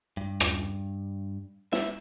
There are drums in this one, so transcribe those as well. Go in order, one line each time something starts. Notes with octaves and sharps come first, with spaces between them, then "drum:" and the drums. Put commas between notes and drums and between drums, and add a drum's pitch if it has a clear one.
G2
drum: rim click
E5, drum: snare